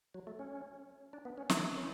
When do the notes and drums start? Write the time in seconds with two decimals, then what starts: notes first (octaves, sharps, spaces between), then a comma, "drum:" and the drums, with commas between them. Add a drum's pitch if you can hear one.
0.14 F#3
0.27 A3
0.39 C#4
1.13 D4
1.25 B3
1.38 C#4
1.49 E4, drum: snare
1.77 C#4